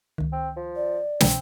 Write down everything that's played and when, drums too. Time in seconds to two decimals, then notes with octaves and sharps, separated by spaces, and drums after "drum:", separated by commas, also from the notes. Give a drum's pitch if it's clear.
0.18 C#2 D#3
0.33 C4
0.56 F3
0.76 D5
1.20 C2 B2 E3 C4, drum: snare